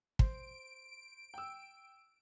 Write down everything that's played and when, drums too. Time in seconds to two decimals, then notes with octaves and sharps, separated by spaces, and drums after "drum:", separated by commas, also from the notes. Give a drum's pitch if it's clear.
0.19 C5 D7, drum: kick
1.34 G5 E6